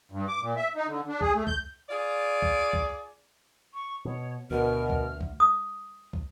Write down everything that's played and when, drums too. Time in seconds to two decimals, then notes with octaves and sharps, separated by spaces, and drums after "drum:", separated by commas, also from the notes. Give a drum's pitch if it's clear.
0.12 G2
0.28 D6
0.41 A#2
0.56 E5
0.75 D#4
0.88 D3
1.08 D4
1.21 G#4, drum: kick
1.35 A3
1.47 G6, drum: kick
1.89 F4 G#4 D5
2.42 drum: kick
2.73 drum: kick
3.74 C#6
4.05 B2 C#5
4.51 D2 B2 A#4 F6
4.90 drum: kick
5.21 drum: kick
5.40 D#6
6.13 drum: kick